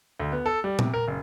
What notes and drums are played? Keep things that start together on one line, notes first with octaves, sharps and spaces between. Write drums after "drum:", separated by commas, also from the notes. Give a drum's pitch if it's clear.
D2
B3
A4
G3
C3, drum: tom A#2
A#4
F#1